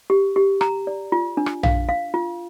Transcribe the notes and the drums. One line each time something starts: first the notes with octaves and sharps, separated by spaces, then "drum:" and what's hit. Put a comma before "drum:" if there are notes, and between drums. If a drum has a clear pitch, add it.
G4
G4
A#5, drum: rim click
D5
F4
D4
drum: rim click
F5, drum: tom A#1
F5
F4